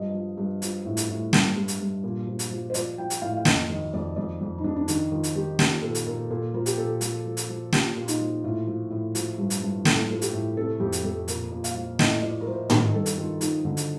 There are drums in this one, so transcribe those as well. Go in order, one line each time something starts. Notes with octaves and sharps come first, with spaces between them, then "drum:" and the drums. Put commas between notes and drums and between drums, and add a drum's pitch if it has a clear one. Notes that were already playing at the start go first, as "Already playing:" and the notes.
Already playing: G2 F3 D#5
F3
G2
F3, drum: hi-hat
A2
drum: hi-hat
A2
G2, drum: snare
G2
drum: hi-hat
G2
A#2
F3
drum: hi-hat
F3
C5
F3 D5, drum: hi-hat
F3 G5
drum: hi-hat
A2 F5
F5
F2 D#5, drum: snare
D#3 D#5
F2 D5
F2 D5
F2
D#4
F2 D4
D4
D#3 D#4, drum: hi-hat
D#3 F4
drum: hi-hat
D#3 G4
F3 G4, drum: snare
A#2 A4
drum: hi-hat
A#2 A#4
A#2 A4
F3 A#4
G4, drum: hi-hat
A#2 A4
F3, drum: hi-hat
F3
drum: hi-hat
F3
F3 G4, drum: snare
A#2 F4
D#4, drum: hi-hat
F3
A2 F4
F3
A2
F3, drum: hi-hat
G2
drum: hi-hat
G2
A2 A4, drum: snare
F3 A4
G4, drum: hi-hat
A2
C3 A4
F2 G4
drum: hi-hat
F2 A4
A#2 A#4, drum: hi-hat
A#2
F5, drum: hi-hat
F3
A2 D#5, drum: snare
F3 D5
A#4
F3 C5
D#3 A#4, drum: tom
G2 A4
drum: hi-hat
D#3 F4
F3 D#4, drum: hi-hat
D3 D#4
drum: hi-hat